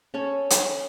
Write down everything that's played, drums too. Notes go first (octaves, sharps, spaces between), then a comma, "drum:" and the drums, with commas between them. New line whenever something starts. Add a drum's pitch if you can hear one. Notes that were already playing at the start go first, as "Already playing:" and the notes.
C#4 A4 C#5
drum: hi-hat